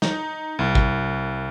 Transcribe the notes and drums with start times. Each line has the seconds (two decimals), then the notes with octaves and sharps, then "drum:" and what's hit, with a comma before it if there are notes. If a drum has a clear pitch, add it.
0.02 D#4, drum: snare
0.59 C2
0.75 drum: kick